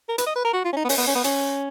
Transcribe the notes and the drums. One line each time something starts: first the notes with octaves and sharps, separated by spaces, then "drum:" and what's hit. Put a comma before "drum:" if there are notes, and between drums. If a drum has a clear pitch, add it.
A#4
B4, drum: hi-hat
D#5
B4
A#4
F#4
F4
C#4
D#4
B3
C#4, drum: open hi-hat
B3
C#4
B3
C#4, drum: hi-hat